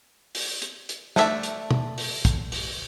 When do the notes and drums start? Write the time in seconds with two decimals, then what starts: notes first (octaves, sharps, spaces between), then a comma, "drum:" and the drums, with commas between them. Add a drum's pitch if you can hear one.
0.35 drum: open hi-hat
0.62 drum: hi-hat
0.89 drum: hi-hat
1.16 A3 D4 E5 A5, drum: snare
1.43 drum: hi-hat
1.71 drum: tom B2
1.98 drum: open hi-hat
2.25 drum: kick, hi-hat
2.52 drum: open hi-hat